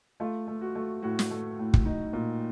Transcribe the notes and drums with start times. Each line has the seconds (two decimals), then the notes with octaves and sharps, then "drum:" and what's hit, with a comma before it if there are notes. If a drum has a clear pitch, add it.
0.20 A3 F4
0.47 A3
0.61 F#4
0.75 A3
1.02 A2 F#4
1.19 drum: snare
1.31 A3
1.59 A2
1.74 drum: kick
1.85 D#4
2.13 A#2